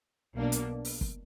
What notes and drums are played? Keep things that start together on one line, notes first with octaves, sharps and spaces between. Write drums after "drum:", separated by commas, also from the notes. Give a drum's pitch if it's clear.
B1 B2 A#3 D4
drum: hi-hat
drum: open hi-hat
drum: kick